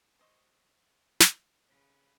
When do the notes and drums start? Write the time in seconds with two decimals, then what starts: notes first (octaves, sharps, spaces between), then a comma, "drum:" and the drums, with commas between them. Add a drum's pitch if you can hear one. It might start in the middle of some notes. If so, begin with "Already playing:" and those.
0.19 C5 D#5 C#6
1.20 drum: snare
1.67 C#3 B4